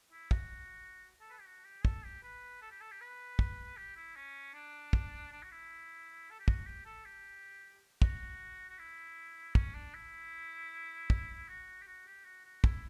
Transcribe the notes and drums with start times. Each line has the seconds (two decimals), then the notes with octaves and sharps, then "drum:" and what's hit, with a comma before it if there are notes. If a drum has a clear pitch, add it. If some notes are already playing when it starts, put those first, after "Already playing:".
0.12 E4
0.31 F#4, drum: kick
1.20 A4
1.30 B4
1.33 A4
1.39 G4
1.46 F#4
1.65 G4
1.85 A4, drum: kick
2.04 G4
2.23 B4
2.62 A4
2.71 G4
2.81 A4
2.91 G4
3.01 B4
3.39 drum: kick
3.77 G4
3.96 E4
4.16 C#4
4.54 D4
4.93 drum: kick
5.32 D4
5.43 F#4
5.52 E4
6.31 A4
6.40 G4
6.48 F#4, drum: kick
6.67 G4
6.86 A4
7.05 G4
8.02 F#4, drum: kick
8.69 F#4
8.79 E4
9.55 C#4, drum: kick
9.75 D4
9.95 E4
11.10 drum: kick
11.48 F#4
11.82 G4
11.87 F#4
12.07 G4
12.25 F#4
12.45 F#4
12.64 E4, drum: kick